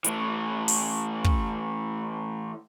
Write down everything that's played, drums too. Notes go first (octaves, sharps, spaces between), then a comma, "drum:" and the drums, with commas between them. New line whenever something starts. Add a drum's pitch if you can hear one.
E3 A3, drum: hi-hat
drum: open hi-hat
drum: kick